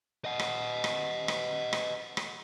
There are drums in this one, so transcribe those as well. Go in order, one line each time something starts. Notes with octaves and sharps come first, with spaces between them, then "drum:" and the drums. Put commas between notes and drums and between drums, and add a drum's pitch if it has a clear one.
D#5 F#5
drum: rim click
drum: rim click
drum: rim click
drum: rim click
drum: rim click